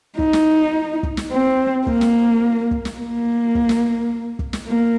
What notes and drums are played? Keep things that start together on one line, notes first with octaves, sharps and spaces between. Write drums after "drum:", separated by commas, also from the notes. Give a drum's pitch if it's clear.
D#4, drum: kick
drum: snare
drum: kick
drum: snare
C4
A#3, drum: kick
drum: snare
drum: kick
drum: snare
A#3
drum: kick
drum: snare
drum: kick
drum: snare
A#3